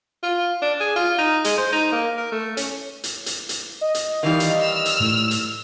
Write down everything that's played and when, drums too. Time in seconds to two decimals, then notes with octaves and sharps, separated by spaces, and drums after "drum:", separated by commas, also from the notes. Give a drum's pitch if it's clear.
0.23 F4
0.62 D4
0.80 G#4
0.96 F4
1.18 D#4
1.44 G#3, drum: hi-hat
1.58 C5
1.73 D#4
1.92 A#3
2.18 A#4
2.32 A3
2.57 C#4, drum: hi-hat
3.04 drum: hi-hat
3.26 drum: hi-hat
3.49 drum: hi-hat
3.81 D#5
3.95 drum: hi-hat
4.23 D#3 E3 G3 F5
4.40 drum: hi-hat
4.60 E6 F6
4.85 drum: hi-hat
5.00 A2
5.31 drum: hi-hat